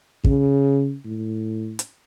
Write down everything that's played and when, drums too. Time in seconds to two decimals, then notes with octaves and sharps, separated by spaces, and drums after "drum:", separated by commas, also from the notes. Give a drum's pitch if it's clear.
0.24 C#3, drum: kick
1.05 A2
1.79 drum: hi-hat